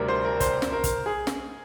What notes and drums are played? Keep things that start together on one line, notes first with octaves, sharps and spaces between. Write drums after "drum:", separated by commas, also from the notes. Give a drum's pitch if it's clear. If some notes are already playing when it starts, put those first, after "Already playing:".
Already playing: D2 C3 G3 C4 A#4
C5
A#4
C5, drum: kick, hi-hat
drum: snare
A#4
drum: kick, hi-hat
G#4
drum: snare